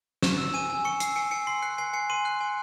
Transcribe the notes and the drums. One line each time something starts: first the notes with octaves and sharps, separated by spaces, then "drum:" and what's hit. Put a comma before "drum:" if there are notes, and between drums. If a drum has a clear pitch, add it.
C#6 E7, drum: snare
E6
G#5 D#7
G#5
C#6 C#7
E6 C7, drum: hi-hat
G#5 C#7
G#5 C#7
C6 C7
F#6 C7
G#5 C7
G#5 C#7
C6 D#7
F#6
G#5